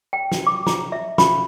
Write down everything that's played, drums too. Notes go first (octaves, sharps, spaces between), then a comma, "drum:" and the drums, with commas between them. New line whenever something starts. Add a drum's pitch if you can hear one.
G5
drum: snare
D6
A#5, drum: snare
E5
B5, drum: snare